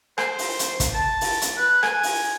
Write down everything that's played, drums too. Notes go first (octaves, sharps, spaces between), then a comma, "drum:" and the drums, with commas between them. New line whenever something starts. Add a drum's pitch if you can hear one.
C5, drum: rim click
drum: open hi-hat
drum: hi-hat
drum: kick, hi-hat
A5
drum: open hi-hat
drum: hi-hat
B4
G#5, drum: rim click
drum: open hi-hat